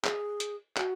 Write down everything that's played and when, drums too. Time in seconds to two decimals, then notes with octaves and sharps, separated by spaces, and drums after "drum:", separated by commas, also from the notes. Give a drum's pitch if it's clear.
0.04 G#4, drum: clap
0.40 drum: hi-hat
0.77 F#4, drum: clap